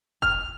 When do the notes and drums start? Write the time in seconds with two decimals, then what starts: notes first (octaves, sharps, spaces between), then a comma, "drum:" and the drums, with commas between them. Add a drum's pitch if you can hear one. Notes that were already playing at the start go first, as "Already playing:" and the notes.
0.22 F6, drum: kick F1